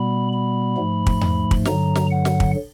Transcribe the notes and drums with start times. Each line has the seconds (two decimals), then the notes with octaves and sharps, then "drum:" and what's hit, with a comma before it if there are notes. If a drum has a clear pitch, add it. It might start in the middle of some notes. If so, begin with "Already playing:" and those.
Already playing: B2 G3 B3 B5
0.32 B5
0.77 G#2 F3 A3
1.07 drum: kick
1.21 drum: tom E2
1.51 drum: kick
1.65 G2 D3 F#3 A#5, drum: snare
1.95 drum: snare
2.11 F#5
2.25 drum: snare
2.40 drum: kick